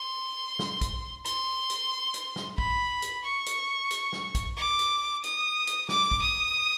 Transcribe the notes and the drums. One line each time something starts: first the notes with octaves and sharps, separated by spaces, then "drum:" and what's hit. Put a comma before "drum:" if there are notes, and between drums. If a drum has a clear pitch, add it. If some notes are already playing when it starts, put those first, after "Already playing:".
Already playing: C6
drum: snare
drum: kick, hi-hat
C6, drum: hi-hat
drum: hi-hat
drum: hi-hat
drum: snare
B5, drum: kick
drum: hi-hat
C#6
drum: hi-hat
drum: hi-hat
drum: snare
drum: kick, hi-hat
D6
drum: hi-hat
D#6, drum: hi-hat
drum: hi-hat
D6, drum: snare
drum: kick
D#6